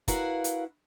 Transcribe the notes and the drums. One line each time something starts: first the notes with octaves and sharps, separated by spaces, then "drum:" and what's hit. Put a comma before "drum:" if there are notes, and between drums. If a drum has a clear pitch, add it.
E4 F#4 A#4 B4 F5, drum: kick, hi-hat
drum: hi-hat